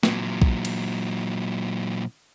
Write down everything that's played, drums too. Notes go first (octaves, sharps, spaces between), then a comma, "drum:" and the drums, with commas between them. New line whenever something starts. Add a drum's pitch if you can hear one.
A#2 F#3, drum: snare
drum: kick A#1
drum: cymbal